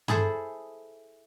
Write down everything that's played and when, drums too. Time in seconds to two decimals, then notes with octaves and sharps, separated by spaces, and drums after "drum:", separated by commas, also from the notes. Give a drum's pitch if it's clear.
0.08 E4 G#4 A4 C5, drum: tom G2